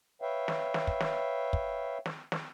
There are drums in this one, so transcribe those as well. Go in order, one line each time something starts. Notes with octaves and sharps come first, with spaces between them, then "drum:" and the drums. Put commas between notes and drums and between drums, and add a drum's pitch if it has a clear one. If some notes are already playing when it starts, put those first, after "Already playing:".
B4 C#5 E5 F5 G5
drum: snare
drum: snare
drum: kick
drum: snare
drum: kick
drum: snare
drum: snare